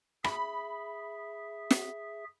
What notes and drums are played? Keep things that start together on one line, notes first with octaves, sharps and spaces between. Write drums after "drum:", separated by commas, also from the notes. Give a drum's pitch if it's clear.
G#4 E5 B5, drum: rim click
drum: snare